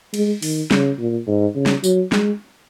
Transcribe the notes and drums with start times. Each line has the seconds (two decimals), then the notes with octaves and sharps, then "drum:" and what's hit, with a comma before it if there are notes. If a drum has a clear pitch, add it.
0.14 G#3, drum: cymbal
0.42 D#3, drum: open hi-hat
0.71 C#3, drum: snare
0.99 A#2
1.27 G#2
1.55 C#3
1.66 drum: snare
1.84 F#3, drum: tambourine
2.12 G#3, drum: snare